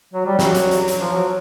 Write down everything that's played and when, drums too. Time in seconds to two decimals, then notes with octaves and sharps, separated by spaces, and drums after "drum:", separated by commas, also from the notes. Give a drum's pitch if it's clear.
0.14 F#3
0.26 G3
0.39 F#3, drum: snare
0.55 drum: hi-hat
0.71 drum: hi-hat
0.88 drum: hi-hat
1.01 F3
1.12 F#3